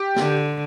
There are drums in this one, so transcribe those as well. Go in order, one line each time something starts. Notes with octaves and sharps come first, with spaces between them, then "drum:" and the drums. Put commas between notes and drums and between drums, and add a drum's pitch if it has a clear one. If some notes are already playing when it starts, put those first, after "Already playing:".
Already playing: G4
D3, drum: snare